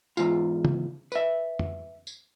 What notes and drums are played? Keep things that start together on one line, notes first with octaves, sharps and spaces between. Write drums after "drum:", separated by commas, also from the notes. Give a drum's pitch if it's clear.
E2 G#2 F4, drum: tambourine
drum: tom C#3
B4 E5, drum: tambourine
drum: tom F2
drum: tambourine